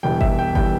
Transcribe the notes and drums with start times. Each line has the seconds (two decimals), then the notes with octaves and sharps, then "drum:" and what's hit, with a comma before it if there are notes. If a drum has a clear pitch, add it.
0.03 E1 E2 E3 G3 G5
0.21 E5, drum: kick G1
0.39 G5
0.55 E3 G3 G5, drum: kick G1